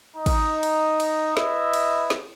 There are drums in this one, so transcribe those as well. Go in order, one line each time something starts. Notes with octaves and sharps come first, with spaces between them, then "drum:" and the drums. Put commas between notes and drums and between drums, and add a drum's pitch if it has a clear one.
D#4
drum: kick, cymbal
drum: cymbal
drum: cymbal
E4 B4 D#5 E5, drum: snare
drum: cymbal
drum: snare